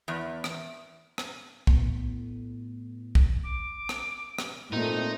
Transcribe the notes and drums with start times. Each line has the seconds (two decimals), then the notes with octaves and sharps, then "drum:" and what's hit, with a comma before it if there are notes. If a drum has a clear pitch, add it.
0.08 E2
0.44 drum: rim click
1.18 drum: rim click
1.67 A2 B3, drum: kick
3.15 drum: kick
3.43 D6
3.89 drum: rim click
4.38 drum: rim click
4.73 A#2 A3 C4 D#4